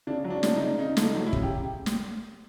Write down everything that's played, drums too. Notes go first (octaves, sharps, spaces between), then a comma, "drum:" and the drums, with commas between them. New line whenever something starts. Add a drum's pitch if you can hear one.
C#3 D4
F#3
D4
C#3 D4, drum: snare
D#4
C#3
C#3 D#4
A3, drum: snare
D#4
F#3
E4
C#3, drum: kick
G4
drum: snare